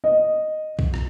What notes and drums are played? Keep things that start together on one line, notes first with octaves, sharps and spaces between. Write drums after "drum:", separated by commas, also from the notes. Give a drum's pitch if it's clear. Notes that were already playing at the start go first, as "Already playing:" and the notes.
D#5
drum: kick B1
drum: rim click